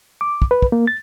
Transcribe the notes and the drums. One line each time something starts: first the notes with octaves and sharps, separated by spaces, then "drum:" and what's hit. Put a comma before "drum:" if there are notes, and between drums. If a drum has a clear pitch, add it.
D6
drum: kick
B4
drum: kick
A#3
A6